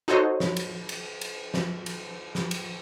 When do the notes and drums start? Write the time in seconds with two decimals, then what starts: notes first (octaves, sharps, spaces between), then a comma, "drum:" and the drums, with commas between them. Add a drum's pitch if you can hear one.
0.08 D#4 F#4 A4 C5 C#5 D#5
0.40 drum: snare
0.57 drum: cymbal
0.89 drum: cymbal
1.21 drum: cymbal
1.54 drum: snare
1.86 drum: cymbal
2.35 drum: snare
2.51 drum: cymbal